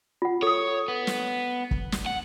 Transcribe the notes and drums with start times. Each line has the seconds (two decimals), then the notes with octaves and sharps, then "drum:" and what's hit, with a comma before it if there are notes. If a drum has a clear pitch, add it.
0.22 F4 F#5
0.43 A4 C#5 D#6
0.88 B3
1.07 drum: snare
1.71 drum: kick
1.92 drum: snare
2.06 F#5